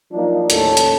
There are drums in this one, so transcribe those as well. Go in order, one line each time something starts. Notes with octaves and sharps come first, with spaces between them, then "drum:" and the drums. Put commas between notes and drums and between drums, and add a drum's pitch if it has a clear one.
F3 F#3 A#3 D4 D#4
D#2 A2 C#4 A4, drum: hi-hat
drum: hi-hat